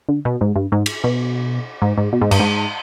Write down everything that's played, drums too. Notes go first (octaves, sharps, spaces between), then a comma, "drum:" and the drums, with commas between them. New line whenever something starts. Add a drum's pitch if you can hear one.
D3
B2
G#2
G2
G#2
drum: cymbal
B2
G#2
G#2
B2
G#2
G2, drum: cymbal
G#2